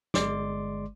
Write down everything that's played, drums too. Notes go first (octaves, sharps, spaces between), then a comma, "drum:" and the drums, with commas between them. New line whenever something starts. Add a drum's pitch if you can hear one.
G1 G#3 D5 C6 D6, drum: snare